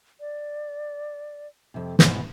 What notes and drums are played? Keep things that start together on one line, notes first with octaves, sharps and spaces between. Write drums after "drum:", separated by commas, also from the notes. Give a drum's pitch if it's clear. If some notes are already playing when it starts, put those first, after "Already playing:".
D5
F2 C3
G#2 B2 E3, drum: snare